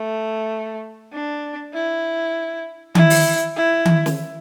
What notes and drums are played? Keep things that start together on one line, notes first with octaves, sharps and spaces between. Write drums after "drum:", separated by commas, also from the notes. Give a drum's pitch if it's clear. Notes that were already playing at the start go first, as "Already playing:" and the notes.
Already playing: A3
D4
E4
E4, drum: tom D#3
drum: open hi-hat
E4
drum: tom D#3
drum: snare